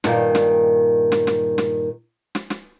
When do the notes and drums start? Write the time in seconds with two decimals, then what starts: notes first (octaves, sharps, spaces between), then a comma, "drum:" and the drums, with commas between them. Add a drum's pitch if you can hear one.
0.04 G2 A#2 D#3, drum: snare
0.35 drum: snare
1.12 drum: snare
1.27 drum: snare
1.58 drum: snare
2.35 drum: snare
2.50 drum: snare